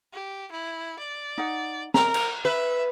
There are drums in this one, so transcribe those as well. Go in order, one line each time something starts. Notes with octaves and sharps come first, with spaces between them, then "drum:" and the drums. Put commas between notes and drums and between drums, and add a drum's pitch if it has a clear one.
G4
E4
D5
D#4 F#5
A#4 A#5, drum: snare
drum: cymbal
B4 E5